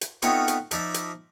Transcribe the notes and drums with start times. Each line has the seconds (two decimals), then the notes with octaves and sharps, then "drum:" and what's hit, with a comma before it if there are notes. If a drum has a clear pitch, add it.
0.01 drum: hi-hat
0.22 A3 B3 C4 D#4 F4 C#5, drum: hi-hat
0.48 drum: hi-hat
0.71 F3 D#4 D5 E5, drum: hi-hat
0.94 drum: hi-hat